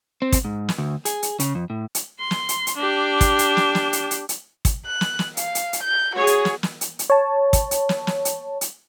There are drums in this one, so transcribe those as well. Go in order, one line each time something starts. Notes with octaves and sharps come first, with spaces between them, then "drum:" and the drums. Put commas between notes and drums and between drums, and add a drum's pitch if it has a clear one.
C4
drum: kick, hi-hat
G#2
drum: snare
D2
G#4, drum: hi-hat
drum: hi-hat
C#3, drum: hi-hat
F2
A2
drum: hi-hat
C6
drum: snare
drum: hi-hat
drum: hi-hat
D4 G4
drum: kick, hi-hat
drum: hi-hat
drum: snare
drum: snare
drum: hi-hat
drum: hi-hat
drum: hi-hat
drum: kick, hi-hat
F#6
drum: snare
drum: snare
F5, drum: hi-hat
drum: hi-hat
drum: hi-hat
G6
F#4 G#4 C#5
drum: hi-hat
drum: snare
drum: snare
drum: hi-hat
drum: hi-hat
C#5 A5
drum: kick, hi-hat
drum: hi-hat
drum: snare
drum: snare
drum: hi-hat
drum: hi-hat